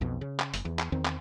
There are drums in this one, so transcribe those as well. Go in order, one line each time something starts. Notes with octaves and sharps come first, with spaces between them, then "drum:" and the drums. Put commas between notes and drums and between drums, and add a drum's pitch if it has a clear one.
B1 F2 B2
C#3
drum: clap
F#1, drum: hi-hat
E2
drum: clap
E2 D#3 C4
drum: clap